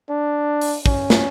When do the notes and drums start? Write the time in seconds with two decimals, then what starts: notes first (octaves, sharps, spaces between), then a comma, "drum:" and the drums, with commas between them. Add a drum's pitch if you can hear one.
0.10 D4
0.61 drum: open hi-hat
0.86 C#4, drum: kick
1.10 drum: snare